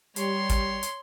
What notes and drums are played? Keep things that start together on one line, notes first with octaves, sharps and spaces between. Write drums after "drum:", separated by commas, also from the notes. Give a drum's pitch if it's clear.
G3 C#5 C6, drum: hi-hat
drum: kick, hi-hat
drum: hi-hat